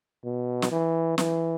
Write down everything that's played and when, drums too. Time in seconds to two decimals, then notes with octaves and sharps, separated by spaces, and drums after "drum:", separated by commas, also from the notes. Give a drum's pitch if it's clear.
0.24 B2
0.62 drum: snare
0.72 E3
1.18 E3, drum: snare